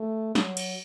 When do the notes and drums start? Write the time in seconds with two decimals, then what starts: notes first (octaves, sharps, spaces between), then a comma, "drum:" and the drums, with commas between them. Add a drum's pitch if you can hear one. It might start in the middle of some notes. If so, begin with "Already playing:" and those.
Already playing: A3
0.35 F#3, drum: snare
0.57 drum: cymbal